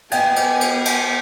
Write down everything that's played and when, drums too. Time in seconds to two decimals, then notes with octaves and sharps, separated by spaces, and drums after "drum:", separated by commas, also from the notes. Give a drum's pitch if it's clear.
0.12 B3 D#5 G5 G#5, drum: cymbal
0.36 drum: cymbal
0.61 drum: cymbal
0.85 drum: cymbal